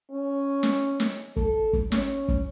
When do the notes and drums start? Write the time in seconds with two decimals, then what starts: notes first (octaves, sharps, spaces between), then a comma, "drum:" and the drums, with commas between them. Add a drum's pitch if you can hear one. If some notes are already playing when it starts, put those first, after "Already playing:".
0.11 C#4
0.63 drum: snare
1.00 drum: snare
1.36 A4, drum: kick
1.73 drum: kick
1.92 C#4, drum: snare
2.28 drum: kick